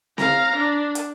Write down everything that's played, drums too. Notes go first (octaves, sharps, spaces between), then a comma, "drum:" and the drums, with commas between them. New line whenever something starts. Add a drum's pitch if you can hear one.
F5 A#5, drum: snare C4
D4
drum: hi-hat